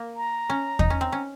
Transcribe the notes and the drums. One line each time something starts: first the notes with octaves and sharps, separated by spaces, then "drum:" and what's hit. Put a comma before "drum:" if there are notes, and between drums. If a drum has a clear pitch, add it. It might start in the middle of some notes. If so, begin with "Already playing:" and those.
Already playing: A#3
A#5
C#4
D#4, drum: kick E2
C#4
C4
C#4